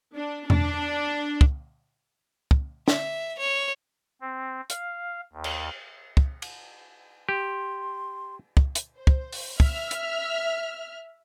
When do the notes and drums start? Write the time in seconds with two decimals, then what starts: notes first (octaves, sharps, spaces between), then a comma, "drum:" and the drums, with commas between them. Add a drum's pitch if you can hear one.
0.17 D4
0.50 D4, drum: tom E2
1.41 drum: kick
2.51 drum: kick
2.88 E5, drum: snare
3.39 C#5
4.21 C4
4.70 F5, drum: hi-hat
5.33 D#2
5.44 drum: cymbal
6.17 drum: kick
6.42 drum: cymbal
7.29 G4 C6
8.57 drum: kick
8.75 drum: hi-hat
8.97 C5
9.07 drum: kick
9.33 drum: open hi-hat
9.60 E5 F6, drum: kick
9.91 drum: hi-hat